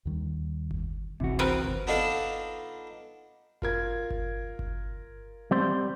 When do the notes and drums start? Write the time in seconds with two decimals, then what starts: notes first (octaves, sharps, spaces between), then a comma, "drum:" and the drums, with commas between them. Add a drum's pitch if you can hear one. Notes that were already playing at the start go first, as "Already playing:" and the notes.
0.05 D#2 D#3 G3
0.71 drum: kick G1
1.20 C#2 C3 E3 F#4, drum: kick G1
1.39 C4 A#4 B4
1.68 drum: kick G1
1.87 B3 D4 D#4 F4 A4 B4
3.62 F4 A#4 G#6, drum: kick G1
4.10 drum: kick G1
4.59 drum: kick G1
5.51 G3 C4 C5